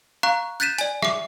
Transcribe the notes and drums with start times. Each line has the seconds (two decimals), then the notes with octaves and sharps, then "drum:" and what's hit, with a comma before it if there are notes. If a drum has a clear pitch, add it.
0.23 F5 A#5 C#6 F#6
0.60 F#6 G6 A6 B6 D#7 E7
0.78 D5 G#5, drum: hi-hat
1.02 E5 D6, drum: rim click